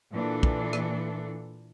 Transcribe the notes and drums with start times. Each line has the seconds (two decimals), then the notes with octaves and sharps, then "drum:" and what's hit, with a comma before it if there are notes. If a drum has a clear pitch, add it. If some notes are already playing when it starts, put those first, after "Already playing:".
0.13 A#2 E3 D4 A4
0.43 drum: kick
0.73 drum: rim click